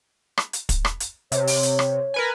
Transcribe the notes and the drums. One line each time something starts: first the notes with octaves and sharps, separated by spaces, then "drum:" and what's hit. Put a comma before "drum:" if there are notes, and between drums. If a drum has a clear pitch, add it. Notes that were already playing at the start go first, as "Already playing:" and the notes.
drum: rim click
drum: hi-hat
drum: kick, hi-hat
drum: rim click
drum: hi-hat
C3 C#5, drum: hi-hat
drum: open hi-hat
drum: hi-hat
drum: rim click
A#4 B4 G#5